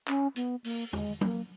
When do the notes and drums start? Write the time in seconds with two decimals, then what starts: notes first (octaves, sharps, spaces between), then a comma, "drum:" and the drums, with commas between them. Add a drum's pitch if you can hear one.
0.08 C#4, drum: clap
0.36 B3, drum: hi-hat
0.64 A#3, drum: open hi-hat
0.93 G#3, drum: tom
1.21 A#3, drum: tom F#3